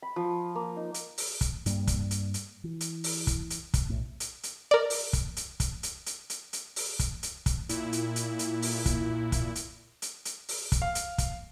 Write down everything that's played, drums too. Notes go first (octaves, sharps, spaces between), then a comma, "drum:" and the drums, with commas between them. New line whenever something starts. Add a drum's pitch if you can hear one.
B5
F3
A#3
D#4
drum: hi-hat
drum: open hi-hat
drum: kick, hi-hat
G2 G3 A#3, drum: hi-hat
drum: kick, hi-hat
drum: hi-hat
drum: hi-hat
E3
drum: hi-hat
drum: open hi-hat
drum: kick, hi-hat
drum: hi-hat
drum: kick, hi-hat
B1 A2
drum: hi-hat
drum: hi-hat
A#4 D5
drum: open hi-hat
drum: kick, hi-hat
drum: hi-hat
drum: kick, hi-hat
drum: hi-hat
drum: hi-hat
drum: hi-hat
drum: hi-hat
drum: open hi-hat
drum: kick, hi-hat
drum: hi-hat
drum: kick, hi-hat
A#2 E4, drum: hi-hat
drum: hi-hat
drum: hi-hat
drum: hi-hat
drum: open hi-hat
drum: kick, hi-hat
drum: kick, hi-hat
drum: hi-hat
drum: hi-hat
drum: hi-hat
drum: open hi-hat
drum: kick, hi-hat
F5
drum: hi-hat
drum: kick, hi-hat